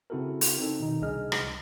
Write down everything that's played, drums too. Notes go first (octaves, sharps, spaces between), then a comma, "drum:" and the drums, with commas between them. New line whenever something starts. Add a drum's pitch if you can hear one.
C#3 C4 E4 F#4 A4 A#4
drum: open hi-hat
C4 D#4 A4
B2 D#3 D#4
C2 D4 G#4 D#5 F6
drum: rim click